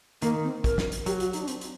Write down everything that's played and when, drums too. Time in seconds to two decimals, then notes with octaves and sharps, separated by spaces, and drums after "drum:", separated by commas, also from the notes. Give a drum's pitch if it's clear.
0.22 D#3 A#3, drum: hi-hat
0.43 C4
0.64 A#4, drum: kick, hi-hat
0.78 drum: snare
0.92 drum: hi-hat
1.06 F#3 G4, drum: hi-hat
1.20 F#4, drum: hi-hat
1.33 D#4, drum: hi-hat
1.42 D4
1.48 C4, drum: hi-hat
1.61 drum: hi-hat